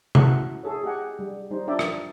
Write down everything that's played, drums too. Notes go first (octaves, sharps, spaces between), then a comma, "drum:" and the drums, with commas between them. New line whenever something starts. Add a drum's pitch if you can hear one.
C#4 E4 F#4 A4 F#5 A#5, drum: tom
G#4 A4 C#5
G4 G#4 D#5 F#5 G#5
G3
G3 D#4 C5
D4 F4 D5 E5 G5
drum: rim click